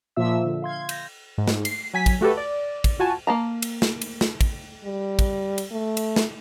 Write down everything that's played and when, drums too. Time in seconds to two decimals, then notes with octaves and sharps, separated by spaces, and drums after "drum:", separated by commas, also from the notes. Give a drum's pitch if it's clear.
0.16 A#2 F3 A#3 F4 E5 E6
0.44 D3
0.62 F5 C6 G#6
0.89 G6 A#6, drum: cymbal
1.38 G#2
1.48 drum: snare
1.65 C7, drum: cymbal
1.94 F#3 G#5 B6
2.06 drum: kick, cymbal
2.21 A3 F#4 G4 A4 B4
2.37 D5
2.84 drum: kick, cymbal
2.99 F4 F#4 G#5 A5
3.27 A#3 A5 A#5
3.62 drum: cymbal
3.82 drum: snare
4.01 drum: cymbal
4.21 drum: snare
4.41 drum: kick, cymbal
4.84 G3
5.19 drum: kick, cymbal
5.58 drum: cymbal
5.72 A3
5.97 drum: cymbal
6.16 drum: snare